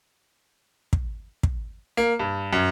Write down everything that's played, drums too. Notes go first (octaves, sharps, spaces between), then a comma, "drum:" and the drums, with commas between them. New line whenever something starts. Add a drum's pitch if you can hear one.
drum: kick
drum: kick
A#3
G2
F#2